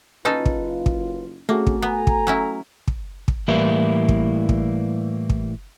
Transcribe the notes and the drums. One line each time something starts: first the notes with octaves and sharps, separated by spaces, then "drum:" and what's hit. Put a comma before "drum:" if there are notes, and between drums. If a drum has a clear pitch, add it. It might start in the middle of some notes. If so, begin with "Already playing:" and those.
F#1 C#4 D#4 F4 A4 B4
drum: kick
drum: kick
A3 A#3 C4 C#4 F#4 G#4
drum: kick
B3 A4 G#5 A#5
drum: kick
F#3 C#4 E4
drum: kick
drum: kick
A2 E3 G3 A#3 E4
drum: kick
drum: kick
drum: kick